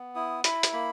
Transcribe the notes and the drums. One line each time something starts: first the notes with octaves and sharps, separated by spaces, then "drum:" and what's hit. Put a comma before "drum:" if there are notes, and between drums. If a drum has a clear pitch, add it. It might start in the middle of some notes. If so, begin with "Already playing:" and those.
Already playing: B3
E4 D#6
E4 B5, drum: hi-hat
drum: hi-hat
A#3 B5